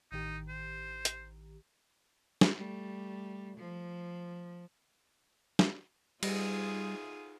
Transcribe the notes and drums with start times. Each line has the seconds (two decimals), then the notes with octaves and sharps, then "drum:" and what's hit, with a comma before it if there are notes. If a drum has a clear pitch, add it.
0.12 A1 D#3 D#4 G4
0.49 C5
1.05 drum: hi-hat
2.41 drum: snare
2.57 G3 A3
3.57 F3
5.59 drum: snare
6.23 G3 D#4 F4 G#4, drum: cymbal